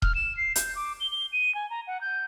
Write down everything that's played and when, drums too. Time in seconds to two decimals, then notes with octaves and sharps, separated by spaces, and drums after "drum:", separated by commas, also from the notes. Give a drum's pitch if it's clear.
0.02 F6, drum: kick D#1
0.15 E7
0.37 C7
0.56 G6, drum: hi-hat
0.75 D6
1.00 G7
1.12 G7
1.32 D#7
1.55 G#5
1.70 A#5
1.87 F#5
2.01 G6